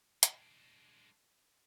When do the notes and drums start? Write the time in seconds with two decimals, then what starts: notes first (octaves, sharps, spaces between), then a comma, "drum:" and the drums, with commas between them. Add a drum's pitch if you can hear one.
0.23 G#3 D4, drum: hi-hat